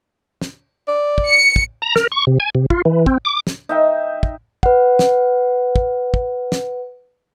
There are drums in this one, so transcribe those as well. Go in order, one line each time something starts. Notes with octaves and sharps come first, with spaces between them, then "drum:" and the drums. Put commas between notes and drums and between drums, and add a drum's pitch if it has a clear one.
drum: snare
D5
drum: kick
C#7
drum: kick
A#5
A#4, drum: snare
C#6
C3
G#5
C3
F4, drum: kick
E3
C4, drum: kick
D6
drum: snare
D#4 E5 G5
drum: kick
B4 F#5, drum: kick
drum: snare
drum: kick
drum: kick
drum: snare